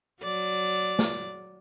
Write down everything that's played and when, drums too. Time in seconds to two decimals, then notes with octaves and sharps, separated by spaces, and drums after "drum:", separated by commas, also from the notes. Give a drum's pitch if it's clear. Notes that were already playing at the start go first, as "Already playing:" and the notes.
0.22 F#3 D5
0.99 drum: snare